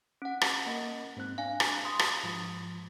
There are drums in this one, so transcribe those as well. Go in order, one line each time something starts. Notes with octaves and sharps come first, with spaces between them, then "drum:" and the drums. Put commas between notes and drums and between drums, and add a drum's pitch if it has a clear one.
C#4 F#5
drum: rim click
A#3 D#5
G#2 C4 F#6
D4 F5 G#5
drum: rim click
C6 D#6
drum: rim click
G#2 F3